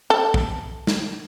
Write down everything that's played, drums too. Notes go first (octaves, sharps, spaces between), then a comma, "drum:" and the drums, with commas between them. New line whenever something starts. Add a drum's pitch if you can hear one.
A4
drum: kick
drum: snare